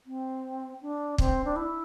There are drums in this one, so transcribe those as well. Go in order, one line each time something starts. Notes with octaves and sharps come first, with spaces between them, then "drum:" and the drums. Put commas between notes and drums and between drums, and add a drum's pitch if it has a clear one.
C4
D4
C4, drum: kick
D4
E4